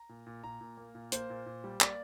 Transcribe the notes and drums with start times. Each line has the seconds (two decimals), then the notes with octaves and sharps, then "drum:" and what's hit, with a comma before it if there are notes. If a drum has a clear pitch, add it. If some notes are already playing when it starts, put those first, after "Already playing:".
Already playing: A#5
0.09 A#2
0.27 A#2
0.44 A#2 A#5
0.61 A#2
0.77 A#3
0.95 A#2
1.12 A#3 C5, drum: hi-hat
1.30 A#2
1.46 A#2
1.64 G3
1.81 A#3 D5, drum: clap